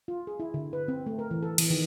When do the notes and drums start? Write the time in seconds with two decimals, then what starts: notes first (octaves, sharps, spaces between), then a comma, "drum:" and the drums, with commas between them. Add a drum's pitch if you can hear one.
0.08 F4
0.27 G#4
0.40 E4
0.54 D3
0.73 B4
0.88 C4
1.06 A3
1.19 A#4
1.31 E3
1.43 A4
1.58 E3, drum: cymbal
1.70 D#3